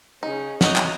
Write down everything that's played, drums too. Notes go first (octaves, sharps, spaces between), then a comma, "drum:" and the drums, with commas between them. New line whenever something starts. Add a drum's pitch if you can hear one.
C#3 C#4 D#4
F#3 D#4 A#5 D#6 F#6, drum: snare
drum: clap